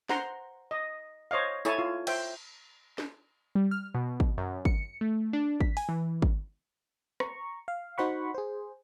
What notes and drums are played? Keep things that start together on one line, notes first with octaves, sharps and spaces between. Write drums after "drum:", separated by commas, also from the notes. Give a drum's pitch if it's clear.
C5 F#5 A#5 C6, drum: snare
D#5
C5 C#5 D#5 F5
E4 A4 C#5 G#5 A5, drum: tambourine
F4
C5 E5 G5, drum: cymbal
drum: snare
G3
F6
B2
drum: kick
F#2
C#7, drum: kick
A3
D4
B6, drum: kick
G#5, drum: open hi-hat
E3
drum: kick
A#5 C#6, drum: rim click
F5
D#4 F#4 C5 F#5 B5 C#6
G#4 C5